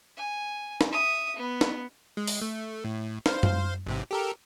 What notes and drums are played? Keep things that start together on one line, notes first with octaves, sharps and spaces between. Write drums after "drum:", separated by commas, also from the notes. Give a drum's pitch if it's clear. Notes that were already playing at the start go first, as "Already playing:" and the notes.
G#5
drum: snare
E5 D#6
B3
drum: snare
G#3
drum: open hi-hat
A3
A2
C5 F5, drum: snare
drum: tom F#2
A1 G#2 C3
G4 A4 A#4